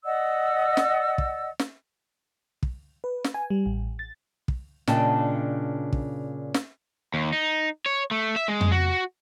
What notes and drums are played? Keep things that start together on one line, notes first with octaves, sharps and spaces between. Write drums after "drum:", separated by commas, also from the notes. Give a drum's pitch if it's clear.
D5 D#5 F#5 E6
drum: snare
drum: kick
drum: snare
drum: kick
B4
drum: snare
G#5
G3
A1
A6
drum: kick
A#2 C#3 D4 D#5 G5 A5, drum: snare
drum: kick
drum: snare
D#2
D#4
C#5
A3
E5
G#3
drum: tom F2
F#4